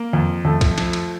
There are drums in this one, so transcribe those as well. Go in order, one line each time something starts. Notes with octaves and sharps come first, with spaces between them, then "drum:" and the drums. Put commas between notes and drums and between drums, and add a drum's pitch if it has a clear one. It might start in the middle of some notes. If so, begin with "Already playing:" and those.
Already playing: A#3 A#4
F2
F2 A3 A4
drum: kick C2, cymbal
F3, drum: cymbal
drum: cymbal